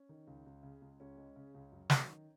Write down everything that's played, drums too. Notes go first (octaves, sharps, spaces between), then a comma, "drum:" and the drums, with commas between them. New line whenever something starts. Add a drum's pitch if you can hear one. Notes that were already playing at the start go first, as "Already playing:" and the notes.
Already playing: C#4
D#3
C#2
C#2
C#3
C#2
C#2 C#4
G#3
C#3
C#2
F#2
F#3, drum: snare
D#3